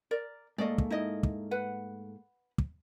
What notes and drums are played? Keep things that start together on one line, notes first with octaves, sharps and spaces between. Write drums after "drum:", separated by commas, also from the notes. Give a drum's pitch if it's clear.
A#4 D5
G#2 A3 A#3 D5 D#5
drum: kick
D#4 E4 D#5
drum: kick
B4 F#5
drum: kick